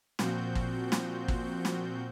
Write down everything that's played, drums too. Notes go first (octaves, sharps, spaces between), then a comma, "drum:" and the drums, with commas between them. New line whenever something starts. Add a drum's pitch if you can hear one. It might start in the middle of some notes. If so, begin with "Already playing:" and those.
A#2 F3 C4 F#4 G6, drum: snare
drum: kick G#1
drum: snare
drum: kick G#1
drum: snare